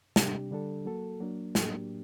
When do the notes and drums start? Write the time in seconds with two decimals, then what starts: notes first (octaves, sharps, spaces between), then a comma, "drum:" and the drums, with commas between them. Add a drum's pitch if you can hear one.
0.16 C3 G3 D4 G4, drum: snare
0.51 D3 G3 D4 A4
0.85 F#3 A#3 F#4 A4
1.21 F#3 A#3 D4
1.55 A2 F#3 A#3 D4 G4, drum: snare